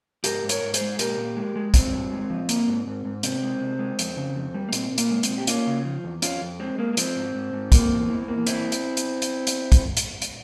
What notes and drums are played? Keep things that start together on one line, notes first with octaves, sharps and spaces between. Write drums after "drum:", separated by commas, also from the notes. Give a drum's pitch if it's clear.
G#2 G4 A#4, drum: hi-hat
G#2
A#4 C#5, drum: hi-hat
G#2
G#4 C5, drum: hi-hat
G#3
A#2 G4 A#4, drum: hi-hat
A#2
G#3
G#3
G2 C4, drum: kick, hi-hat
G2
G#3
F3
A#3, drum: hi-hat
G#2
G#2
G#2
C3 C4, drum: hi-hat
G#3
C3
G#3
F2, drum: hi-hat
C#3
F2
G3
A#3
A#2 C4, drum: hi-hat
A#2
A#3, drum: hi-hat
G#3
C4, drum: hi-hat
A#2
G4
A#3 C#4 F4, drum: hi-hat
C#3
F3
E2
F2 C#4 F4, drum: hi-hat
F2
G#3 C4
G#3 A#3
A#3
F3 C4, drum: hi-hat
G#2
G#2
G#2
A#3, drum: kick, hi-hat
E2
E3
A#3
E3 C4 E4, drum: hi-hat
drum: hi-hat
drum: hi-hat
drum: hi-hat
drum: hi-hat
drum: kick, hi-hat
drum: hi-hat
drum: hi-hat